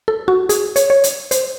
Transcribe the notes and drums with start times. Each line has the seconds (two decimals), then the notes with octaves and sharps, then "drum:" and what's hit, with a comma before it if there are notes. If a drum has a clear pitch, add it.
0.08 A4
0.28 F#4
0.49 G#4, drum: hi-hat
0.76 C#5, drum: hi-hat
0.90 C#5
1.04 drum: hi-hat
1.31 C5, drum: hi-hat